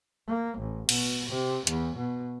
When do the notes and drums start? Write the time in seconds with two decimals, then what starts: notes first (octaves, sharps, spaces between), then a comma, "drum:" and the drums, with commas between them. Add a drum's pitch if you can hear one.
0.27 A#3
0.59 A1
0.89 B2, drum: cymbal
1.30 C3
1.67 E2, drum: hi-hat
1.97 B2